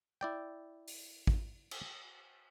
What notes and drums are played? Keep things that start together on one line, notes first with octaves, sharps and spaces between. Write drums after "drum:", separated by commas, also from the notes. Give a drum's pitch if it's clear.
E4 D5 G5
drum: open hi-hat
drum: kick
drum: cymbal